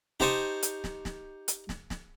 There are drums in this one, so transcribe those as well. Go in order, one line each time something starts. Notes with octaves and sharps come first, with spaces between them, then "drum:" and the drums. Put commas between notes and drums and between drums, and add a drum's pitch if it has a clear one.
D#4 G4 C5 A5 C#6 D#6, drum: snare
drum: hi-hat
drum: snare
drum: snare
drum: hi-hat
drum: snare
drum: snare